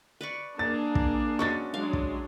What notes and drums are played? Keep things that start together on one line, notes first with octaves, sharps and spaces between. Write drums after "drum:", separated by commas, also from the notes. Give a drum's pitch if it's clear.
B4 D5 C#6
A#3 D4 G#4 A6
drum: kick
G#3 C#4 F#4 C#6 A6
F#3 G#3 D4 F5
drum: kick